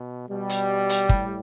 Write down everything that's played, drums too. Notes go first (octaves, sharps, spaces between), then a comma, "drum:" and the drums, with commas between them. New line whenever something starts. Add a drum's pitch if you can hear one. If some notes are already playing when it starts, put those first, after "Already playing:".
Already playing: B2
B2 G3
drum: hi-hat
drum: hi-hat
A2, drum: kick